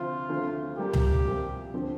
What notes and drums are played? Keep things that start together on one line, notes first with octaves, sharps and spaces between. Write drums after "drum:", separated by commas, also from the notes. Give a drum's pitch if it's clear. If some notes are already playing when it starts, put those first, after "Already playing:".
Already playing: D2 C3 F3 C4 F4
D2 D3 F3 A3 C4
A#2 G3 A#3 G4
drum: tom C#2
C2 A#2 F3
D3 F3 C4